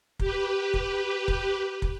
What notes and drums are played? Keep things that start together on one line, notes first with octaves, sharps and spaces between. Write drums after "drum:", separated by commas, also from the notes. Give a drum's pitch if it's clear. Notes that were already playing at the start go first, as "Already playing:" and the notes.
G4 B4, drum: kick
drum: kick
drum: kick
drum: kick